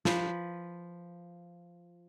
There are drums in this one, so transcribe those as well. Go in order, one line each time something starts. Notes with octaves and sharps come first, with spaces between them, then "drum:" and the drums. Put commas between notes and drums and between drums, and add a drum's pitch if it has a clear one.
F3 B4, drum: snare